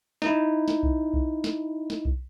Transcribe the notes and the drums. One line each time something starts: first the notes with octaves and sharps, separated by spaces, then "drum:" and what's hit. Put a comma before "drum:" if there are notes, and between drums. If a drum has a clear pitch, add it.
D#4 E4, drum: snare
drum: snare
drum: kick B1
drum: kick B1
drum: snare
drum: snare
drum: kick B1